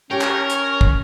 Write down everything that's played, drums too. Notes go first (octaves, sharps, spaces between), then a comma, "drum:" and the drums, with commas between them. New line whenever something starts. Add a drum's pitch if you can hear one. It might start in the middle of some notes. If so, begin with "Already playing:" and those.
C#4 G4 A#4 C#5 G5
drum: clap
drum: hi-hat
drum: kick